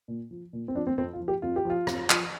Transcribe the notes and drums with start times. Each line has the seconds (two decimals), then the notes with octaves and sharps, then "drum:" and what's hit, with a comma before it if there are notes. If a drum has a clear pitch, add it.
0.08 A#2
0.31 F3
0.53 A#2
0.68 C4
0.75 F3 D4
0.87 C4
0.98 F2 C4
1.13 F4
1.21 F3
1.28 G4
1.42 F2 F4
1.56 G4
1.65 F3 F4
1.87 F2, drum: rim click
2.10 F3, drum: clap